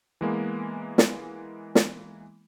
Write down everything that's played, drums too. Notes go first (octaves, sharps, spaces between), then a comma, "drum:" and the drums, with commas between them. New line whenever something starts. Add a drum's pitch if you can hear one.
E3 G#3 A#3 B3
drum: snare
drum: snare